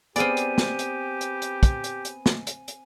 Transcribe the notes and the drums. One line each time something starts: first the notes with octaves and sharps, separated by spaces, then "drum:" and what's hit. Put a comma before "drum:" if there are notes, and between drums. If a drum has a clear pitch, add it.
B3 C4 G4 G#4 D5 G#5 F6 D#7, drum: hi-hat
drum: hi-hat
drum: snare
drum: hi-hat
drum: hi-hat
drum: hi-hat
drum: kick, hi-hat
drum: hi-hat
drum: hi-hat
drum: snare
drum: hi-hat
drum: hi-hat